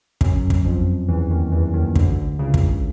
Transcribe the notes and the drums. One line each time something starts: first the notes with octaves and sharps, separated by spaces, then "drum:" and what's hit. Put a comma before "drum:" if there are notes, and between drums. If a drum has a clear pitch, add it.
F#2 F#3, drum: kick
drum: kick
F2 F3
E2 E3
D#2 D#3
E2 E3
D#2 D#3
D2 D3, drum: kick
C#2 C#3
drum: kick